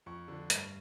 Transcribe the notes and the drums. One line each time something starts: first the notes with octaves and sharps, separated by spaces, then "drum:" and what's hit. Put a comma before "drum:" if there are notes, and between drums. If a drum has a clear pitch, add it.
F2 C#6
D3 F3
G2, drum: hi-hat